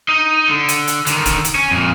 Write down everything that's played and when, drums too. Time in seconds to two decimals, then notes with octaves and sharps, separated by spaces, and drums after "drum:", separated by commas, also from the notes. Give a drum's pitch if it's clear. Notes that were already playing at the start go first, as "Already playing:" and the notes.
0.09 D#4 D#5
0.49 D3
0.69 drum: hi-hat
0.88 drum: hi-hat
1.07 D3 D#3, drum: hi-hat
1.26 drum: kick D1, hi-hat
1.45 drum: hi-hat
1.55 C#4
1.71 F2 A#2